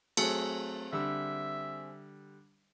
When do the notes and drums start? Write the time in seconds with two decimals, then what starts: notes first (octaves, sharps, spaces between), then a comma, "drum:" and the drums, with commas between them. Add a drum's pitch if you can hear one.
0.17 F#3 A3 C4 G#4 C#7, drum: cymbal
0.92 D3 G3 E5 E6